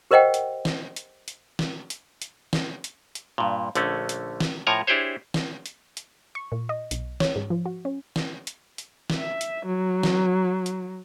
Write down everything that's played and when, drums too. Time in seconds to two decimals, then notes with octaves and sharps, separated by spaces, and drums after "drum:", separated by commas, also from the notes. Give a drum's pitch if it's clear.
0.11 G4 A#4 C5 D#5 F#5 G5
0.34 drum: hi-hat
0.65 drum: snare
0.96 drum: hi-hat
1.28 drum: hi-hat
1.59 drum: snare
1.90 drum: hi-hat
2.22 drum: hi-hat
2.53 drum: snare
2.84 drum: hi-hat
3.15 drum: hi-hat
3.38 G2 A#2
3.75 A#1 D3 A3 C#4, drum: hi-hat
4.09 drum: hi-hat
4.40 drum: snare
4.67 A2 F3 A#4 C#5 G#5 A#5
4.87 D4 E4 G4 G#4 C5 C#5
5.34 drum: snare
5.66 drum: hi-hat
5.97 drum: hi-hat
6.35 C#6
6.52 A#2
6.69 D#5
6.91 B1, drum: hi-hat
7.20 C#5, drum: snare
7.36 G#2
7.50 F3
7.66 F#4
7.85 C#4
8.16 drum: snare
8.47 drum: hi-hat
8.78 drum: hi-hat
9.10 drum: snare
9.19 E5
9.41 drum: hi-hat
9.66 F#3
10.03 drum: snare
10.66 drum: hi-hat